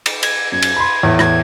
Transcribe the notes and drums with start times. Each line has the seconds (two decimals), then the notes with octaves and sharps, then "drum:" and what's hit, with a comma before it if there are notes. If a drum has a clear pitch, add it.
0.06 drum: cymbal
0.23 G#6, drum: cymbal
0.52 F#2 G#6
0.62 drum: cymbal
0.76 B5 C6
1.03 E2 A2 E4
1.19 G#6, drum: rim click